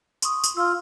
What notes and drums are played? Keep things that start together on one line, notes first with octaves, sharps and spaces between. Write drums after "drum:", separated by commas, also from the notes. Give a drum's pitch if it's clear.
C6 C#6 D#6, drum: tambourine
drum: tambourine
F4 E6 F6